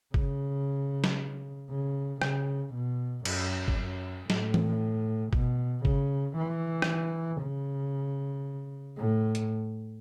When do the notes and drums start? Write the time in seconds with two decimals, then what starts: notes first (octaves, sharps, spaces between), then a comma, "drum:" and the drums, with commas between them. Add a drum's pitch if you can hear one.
0.14 C#3, drum: kick G1
1.04 drum: snare
1.70 C#3
2.22 C#3, drum: rim click
2.74 B2
3.25 F#2, drum: cymbal
3.68 drum: kick G1
3.78 F#2
4.30 A2, drum: snare
4.54 drum: tom E3
5.33 B2, drum: kick G1
5.85 C#3, drum: kick G1
6.37 E3
6.82 drum: rim click
7.41 C#3
8.97 A2
9.35 drum: hi-hat